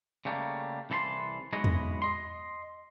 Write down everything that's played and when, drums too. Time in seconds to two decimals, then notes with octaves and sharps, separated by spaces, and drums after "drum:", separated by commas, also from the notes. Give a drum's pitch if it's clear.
0.25 C#3 G3 A3 A#3
0.90 C2 E3 A4 B5 C6
1.53 B1 G#3 B3 E4 C#5 D#5
1.64 drum: tom E2
2.02 D#5 C6